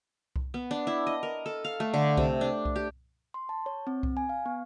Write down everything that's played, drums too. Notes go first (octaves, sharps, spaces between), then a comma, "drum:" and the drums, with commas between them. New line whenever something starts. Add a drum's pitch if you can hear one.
drum: kick C2
B3
D4
E4
D#5
A#4
A4
F5
A3
D3
C3, drum: kick C2
D4
drum: kick C2
G4
C6
A5
C#5
C4
drum: kick C2
G#5
F5
B3